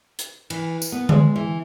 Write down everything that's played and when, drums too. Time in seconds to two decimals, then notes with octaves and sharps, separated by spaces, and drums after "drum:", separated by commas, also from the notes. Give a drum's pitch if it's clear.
0.19 drum: hi-hat
0.50 E3, drum: cymbal
0.82 drum: tambourine
0.92 B3
1.09 G#3, drum: tom D3
1.36 E3